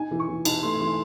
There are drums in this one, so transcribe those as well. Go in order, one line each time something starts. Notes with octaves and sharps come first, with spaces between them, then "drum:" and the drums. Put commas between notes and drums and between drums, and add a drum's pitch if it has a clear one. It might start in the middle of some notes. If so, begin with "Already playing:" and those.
Already playing: D#4 G#5
E3
C#6
E3
D#4 A5, drum: cymbal
A3 C6
E3 C6